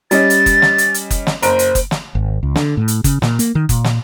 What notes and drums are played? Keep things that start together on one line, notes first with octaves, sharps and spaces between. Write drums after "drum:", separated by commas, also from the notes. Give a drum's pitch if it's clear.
G3 C#4 D#5 A6, drum: hi-hat
drum: hi-hat
drum: kick F#1, hi-hat
drum: snare
drum: hi-hat
drum: hi-hat
drum: kick F#1, hi-hat
drum: snare
F#1 C5 A#5 D7, drum: hi-hat
drum: hi-hat
drum: kick F#1, hi-hat
drum: snare
G#1
C#2
D3, drum: snare
A2
drum: hi-hat
C#3, drum: kick F#1, hi-hat
A#2, drum: snare
A#3, drum: hi-hat
D#3
A#2, drum: kick F#1, hi-hat
drum: snare